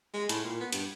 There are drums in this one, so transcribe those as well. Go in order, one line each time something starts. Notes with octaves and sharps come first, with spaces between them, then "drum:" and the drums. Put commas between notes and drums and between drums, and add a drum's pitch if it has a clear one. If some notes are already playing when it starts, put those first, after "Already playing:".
G#3
A2, drum: hi-hat
A#2
B3
G2, drum: hi-hat